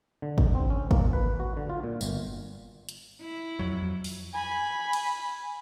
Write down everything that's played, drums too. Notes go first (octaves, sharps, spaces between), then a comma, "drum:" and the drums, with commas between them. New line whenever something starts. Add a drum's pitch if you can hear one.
D3
drum: kick G#1
C4
C#4
A#3, drum: kick G#1
B4
F#4
D3
F4
A#2
G1, drum: tambourine
drum: hi-hat
E4
F2 F#3
drum: open hi-hat
G#5 B5
drum: cymbal